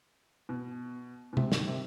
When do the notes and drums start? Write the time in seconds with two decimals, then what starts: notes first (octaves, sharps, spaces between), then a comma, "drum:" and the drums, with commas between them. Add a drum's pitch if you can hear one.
0.49 B2
1.33 B2
1.37 C3, drum: tom
1.52 D#3, drum: snare
1.67 C3